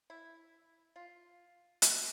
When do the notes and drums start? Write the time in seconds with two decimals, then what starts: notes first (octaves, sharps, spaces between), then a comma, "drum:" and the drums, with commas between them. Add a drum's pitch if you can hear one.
0.10 E4
0.96 F4
1.82 F#4, drum: hi-hat